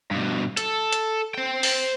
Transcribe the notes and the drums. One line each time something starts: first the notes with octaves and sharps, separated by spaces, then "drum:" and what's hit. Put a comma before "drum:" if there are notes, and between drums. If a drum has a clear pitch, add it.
G2 B2
A4, drum: hi-hat
drum: hi-hat
C5 G5
drum: open hi-hat